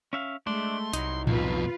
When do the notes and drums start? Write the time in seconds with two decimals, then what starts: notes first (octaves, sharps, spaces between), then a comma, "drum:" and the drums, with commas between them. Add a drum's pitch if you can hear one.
0.13 C#4 E5 F5
0.47 G#3 A3 D4 C6
0.93 C2 F#3 D#4 E4, drum: hi-hat
1.27 F2 B2 F4 B4, drum: tom A2